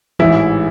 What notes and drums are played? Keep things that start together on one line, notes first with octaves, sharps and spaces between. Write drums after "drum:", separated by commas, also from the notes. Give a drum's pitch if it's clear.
A1 G#2 E3 E4, drum: tom E3